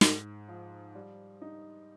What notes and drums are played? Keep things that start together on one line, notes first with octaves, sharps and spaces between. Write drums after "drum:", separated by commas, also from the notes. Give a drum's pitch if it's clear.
G#2, drum: snare
F3
G3
D#4